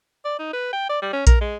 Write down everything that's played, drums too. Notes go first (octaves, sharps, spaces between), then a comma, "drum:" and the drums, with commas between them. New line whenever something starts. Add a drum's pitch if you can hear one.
D5
D#4
B4
G5
D5
G3
C#4
A#4, drum: kick A#1, hi-hat
G#3